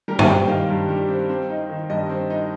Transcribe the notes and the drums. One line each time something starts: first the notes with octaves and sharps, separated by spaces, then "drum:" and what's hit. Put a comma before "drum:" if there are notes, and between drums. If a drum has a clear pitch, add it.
G3 A#4
drum: tom
C4 G5
D#3 F5
G2
G3
C4
C4
D#4
D#3
G2 D#5
C4
D#4